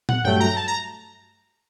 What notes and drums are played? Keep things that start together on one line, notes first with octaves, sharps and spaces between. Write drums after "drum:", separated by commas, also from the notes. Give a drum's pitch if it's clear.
F#5, drum: tom A#2
G2 F#3 A3 G5
A#5
A5
A#5